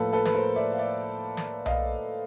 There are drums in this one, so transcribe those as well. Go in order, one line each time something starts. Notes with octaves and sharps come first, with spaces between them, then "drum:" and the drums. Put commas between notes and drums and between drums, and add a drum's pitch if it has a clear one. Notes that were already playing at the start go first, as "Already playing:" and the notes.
Already playing: A2 F3 A#3 A4 B4
A4 B4
B4, drum: snare
A#4 C5
D5 E5
F5
D5 E5
drum: snare
D#5 F5, drum: tom B1